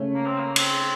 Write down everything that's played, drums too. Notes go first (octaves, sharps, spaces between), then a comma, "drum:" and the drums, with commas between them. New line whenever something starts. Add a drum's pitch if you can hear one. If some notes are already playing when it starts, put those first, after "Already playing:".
Already playing: C#3 A3 C#4
A#3
C4
A#3
C4, drum: cymbal